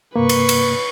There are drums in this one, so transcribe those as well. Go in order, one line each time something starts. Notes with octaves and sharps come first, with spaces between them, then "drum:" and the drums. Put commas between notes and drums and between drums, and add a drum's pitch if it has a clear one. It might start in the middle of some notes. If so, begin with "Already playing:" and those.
G2 C3 A#3 B4 C#6
drum: cymbal
drum: cymbal